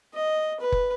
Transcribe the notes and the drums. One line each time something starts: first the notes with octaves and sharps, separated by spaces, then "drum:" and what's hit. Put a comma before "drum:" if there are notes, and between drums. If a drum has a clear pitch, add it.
D#5
B4
drum: kick